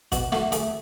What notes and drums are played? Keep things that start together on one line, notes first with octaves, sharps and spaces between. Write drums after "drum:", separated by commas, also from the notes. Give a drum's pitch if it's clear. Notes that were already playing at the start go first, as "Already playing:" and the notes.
B2 F#4, drum: kick, hi-hat
A3 F#4, drum: snare
A3 G#4, drum: hi-hat